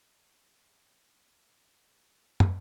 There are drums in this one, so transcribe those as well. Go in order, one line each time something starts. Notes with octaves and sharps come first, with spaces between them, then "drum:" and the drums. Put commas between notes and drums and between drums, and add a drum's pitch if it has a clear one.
B2
G#3 C4 F4
C#3
F3 G#3
E3
drum: tom